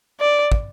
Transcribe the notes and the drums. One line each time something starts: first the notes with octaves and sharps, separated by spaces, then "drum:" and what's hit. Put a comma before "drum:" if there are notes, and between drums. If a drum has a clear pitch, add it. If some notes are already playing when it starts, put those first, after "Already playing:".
D5
drum: kick